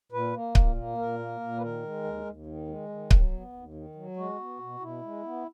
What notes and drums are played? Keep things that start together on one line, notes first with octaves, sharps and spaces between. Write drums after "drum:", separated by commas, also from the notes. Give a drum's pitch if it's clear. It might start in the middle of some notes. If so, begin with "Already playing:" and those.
A#2 B4
A#3
A#2, drum: kick C#1
A#3
A#2 A#4
A#3
A#2
B4
D#3 A#4
G#3
D#2
D#2
D#3
G#3
D#3
F#3, drum: kick C#1
B3
D#2
D#3
F#3
G#3 F#4
B3
B2
B2 E4
G#3
B3